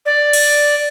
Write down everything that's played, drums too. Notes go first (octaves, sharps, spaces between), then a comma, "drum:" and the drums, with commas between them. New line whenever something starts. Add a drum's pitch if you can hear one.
D5
drum: cymbal